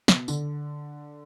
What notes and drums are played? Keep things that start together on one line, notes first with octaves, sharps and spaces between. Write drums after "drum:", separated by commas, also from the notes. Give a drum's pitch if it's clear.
B2, drum: snare
D3, drum: tambourine